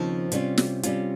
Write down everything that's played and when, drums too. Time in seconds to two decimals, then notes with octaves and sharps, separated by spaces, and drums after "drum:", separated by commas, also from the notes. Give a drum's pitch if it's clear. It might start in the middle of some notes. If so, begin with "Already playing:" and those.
Already playing: D#2 C#3 F3 C4 D#4
0.32 C3 G3 C#4 F4, drum: hi-hat
0.58 drum: snare
0.83 C3 G3 C#4 F4, drum: hi-hat